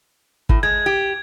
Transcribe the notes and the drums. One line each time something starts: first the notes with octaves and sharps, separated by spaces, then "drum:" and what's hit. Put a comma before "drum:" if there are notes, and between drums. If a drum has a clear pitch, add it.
A2, drum: kick G1
G#3 G#6
G4